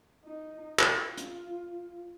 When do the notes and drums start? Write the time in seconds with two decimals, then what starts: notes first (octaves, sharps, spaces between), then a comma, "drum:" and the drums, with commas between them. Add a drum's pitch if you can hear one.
0.25 D#4
0.79 F4, drum: clap
1.17 drum: hi-hat